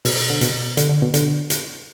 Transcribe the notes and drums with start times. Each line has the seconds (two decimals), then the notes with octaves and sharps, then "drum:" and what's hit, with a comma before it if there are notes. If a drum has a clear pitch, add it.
0.05 B2, drum: open hi-hat
0.30 D3
0.41 B2, drum: hi-hat
0.77 D3, drum: hi-hat
0.89 D3
1.02 B2
1.14 D3, drum: hi-hat
1.50 drum: hi-hat